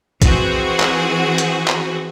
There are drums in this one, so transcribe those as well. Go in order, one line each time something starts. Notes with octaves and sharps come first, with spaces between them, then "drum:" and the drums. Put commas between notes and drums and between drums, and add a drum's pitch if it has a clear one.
E3 C4 F#4 G#4, drum: kick, hi-hat
drum: clap
drum: hi-hat
drum: clap